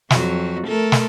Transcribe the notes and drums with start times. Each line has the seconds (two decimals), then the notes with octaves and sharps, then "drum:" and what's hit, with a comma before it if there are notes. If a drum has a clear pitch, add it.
0.10 F2 F#3 F#4, drum: snare
0.67 A3 A4 A#4
0.92 drum: snare